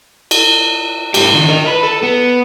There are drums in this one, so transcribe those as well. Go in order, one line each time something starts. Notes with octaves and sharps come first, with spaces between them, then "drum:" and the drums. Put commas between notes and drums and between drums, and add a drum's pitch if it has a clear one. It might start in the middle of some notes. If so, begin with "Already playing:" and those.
drum: cymbal
G#2 G4, drum: cymbal
D#3 D4
A#4 D#5
B4
A4
B3